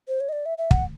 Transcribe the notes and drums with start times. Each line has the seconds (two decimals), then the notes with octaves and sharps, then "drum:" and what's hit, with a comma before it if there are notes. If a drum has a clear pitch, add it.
0.08 C5
0.20 C#5
0.29 D#5
0.33 D5
0.46 E5
0.58 E5
0.71 F#5, drum: kick